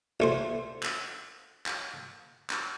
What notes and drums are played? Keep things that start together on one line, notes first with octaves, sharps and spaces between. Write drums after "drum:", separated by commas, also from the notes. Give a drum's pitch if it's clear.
A1 A3 C5
drum: clap
drum: clap
drum: clap